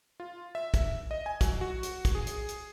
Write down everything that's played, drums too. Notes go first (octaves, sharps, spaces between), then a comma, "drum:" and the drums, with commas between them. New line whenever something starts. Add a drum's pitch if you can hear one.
F4
E5
drum: kick, hi-hat
D#5
G#5
F#3, drum: kick, hi-hat
F#4
drum: hi-hat
drum: kick, hi-hat
G#4
drum: hi-hat
drum: hi-hat